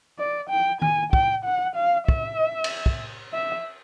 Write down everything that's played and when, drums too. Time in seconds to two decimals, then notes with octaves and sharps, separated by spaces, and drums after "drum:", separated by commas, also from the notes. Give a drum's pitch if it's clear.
0.19 D5
0.50 G5
0.82 G#5, drum: tom D#3
1.13 G5, drum: kick
1.45 F#5
1.76 F5
2.08 E5, drum: kick
2.64 drum: cymbal
2.86 drum: kick
3.34 E5